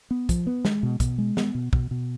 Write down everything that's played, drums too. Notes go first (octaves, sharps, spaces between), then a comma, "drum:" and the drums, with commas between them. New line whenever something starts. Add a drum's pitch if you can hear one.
B3
F3, drum: kick, hi-hat
B3
G#3, drum: snare
B2
B2, drum: kick, hi-hat
G#3
B3, drum: snare
B2
B2, drum: kick
B2